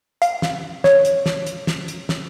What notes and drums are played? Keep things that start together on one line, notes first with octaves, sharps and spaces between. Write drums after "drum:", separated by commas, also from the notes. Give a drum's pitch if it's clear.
F5, drum: hi-hat
drum: snare
C#5, drum: snare
drum: hi-hat
drum: snare
drum: hi-hat
drum: snare
drum: hi-hat
drum: snare